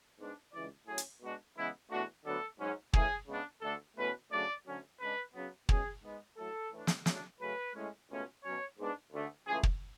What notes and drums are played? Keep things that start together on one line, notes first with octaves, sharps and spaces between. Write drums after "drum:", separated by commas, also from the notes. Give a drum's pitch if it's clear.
G#2 G#3 B3 D4
C#2 C#3 E3 G#3 D5
A2 F#3 C#4 G#4
drum: hi-hat
B2 G#3 D4 F#4
C#3 E3 G#3 B3 E4
E2 B2 A3 D4 F#4
D2 D3 F#3 B3 D4 A4
G#2 F#3 C#4
C#3 E3 A3 C#4 G#4, drum: kick
C#3 G#3 B3 D4
D2 D3 A3 D4 A4
E2 B2 A3 C#4 B4
C#3 F#3 A3 D4 D5
D2 D3 F#3 C#4
C#3 G#3 D4 B4
C#3 F#3 B3
B2 G#3 C#4 G#4, drum: kick
G#2 G#3 B3
A2 F#3 A3 A4
A2 E3 A3 D4
drum: snare
C#3 F#3 A3 D4, drum: snare
C#3 F#3 A3 C#4 B4
A2 G#3 C#4
C#2 B2 A3 C#4
B2 F#3 C#4 C#5
G#2 G#3 B3 D4
D2 D3 A3
C#2 C#3 E3 A3 G#4
drum: kick